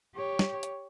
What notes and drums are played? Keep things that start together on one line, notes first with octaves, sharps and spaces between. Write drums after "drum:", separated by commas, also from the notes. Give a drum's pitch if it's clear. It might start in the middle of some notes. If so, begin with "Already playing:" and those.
G4 C#5
drum: snare
drum: hi-hat